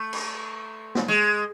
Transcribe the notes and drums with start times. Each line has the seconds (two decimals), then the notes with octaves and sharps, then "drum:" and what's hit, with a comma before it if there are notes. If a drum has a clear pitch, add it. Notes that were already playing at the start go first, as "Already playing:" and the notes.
Already playing: A3
0.13 drum: cymbal
0.95 drum: snare
1.08 G#3